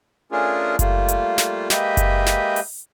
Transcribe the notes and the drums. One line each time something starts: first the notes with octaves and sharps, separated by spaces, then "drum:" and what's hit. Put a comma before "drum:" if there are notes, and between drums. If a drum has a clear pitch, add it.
A3 C#4 D4 F4 G#4 A#4
G3 A3 A#3 F4, drum: kick F#1, hi-hat
drum: hi-hat
drum: snare
G#3 A#3 G4 B4 D#5 E5, drum: snare
drum: kick F#1, hi-hat
drum: snare
drum: open hi-hat